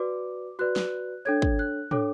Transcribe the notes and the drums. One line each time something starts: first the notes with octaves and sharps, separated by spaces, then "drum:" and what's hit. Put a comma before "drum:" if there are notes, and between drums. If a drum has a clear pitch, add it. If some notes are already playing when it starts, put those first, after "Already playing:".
Already playing: F#4 B4 D5 D6
F#4 B4 D5 F#6
drum: snare
D4 A4 C#5 G#6
drum: kick
F#6
D4 A4 C#5 D6, drum: tom